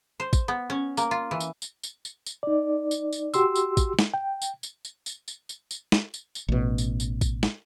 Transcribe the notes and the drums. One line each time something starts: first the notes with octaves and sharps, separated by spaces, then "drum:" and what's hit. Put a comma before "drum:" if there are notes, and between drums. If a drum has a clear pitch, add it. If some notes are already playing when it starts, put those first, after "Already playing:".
C5
drum: kick, tambourine
B3
C#4
A#3, drum: tambourine
F4
E3
drum: tambourine
drum: tambourine
drum: tambourine
drum: tambourine
drum: tambourine
D#4 D5
drum: tambourine
drum: tambourine
F#4 G4 C6 E6, drum: tambourine
drum: tambourine
drum: kick, tambourine
drum: snare
G5
drum: tambourine
drum: tambourine
drum: tambourine
drum: tambourine
drum: tambourine
drum: tambourine
drum: tambourine
drum: snare
drum: tambourine
drum: tambourine
A1 B2
drum: tambourine
drum: tambourine
drum: kick, tambourine
drum: snare